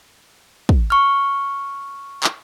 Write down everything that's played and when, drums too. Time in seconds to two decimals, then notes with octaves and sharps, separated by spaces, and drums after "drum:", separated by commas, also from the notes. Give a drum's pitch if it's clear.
0.69 drum: kick
0.90 C#6 F6
2.24 drum: clap